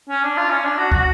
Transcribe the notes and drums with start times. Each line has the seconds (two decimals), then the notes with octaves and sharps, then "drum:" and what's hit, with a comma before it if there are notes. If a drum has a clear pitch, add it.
0.09 C#4
0.23 D4
0.37 F4
0.50 C#4
0.64 D4
0.78 F#4
0.92 F#4, drum: kick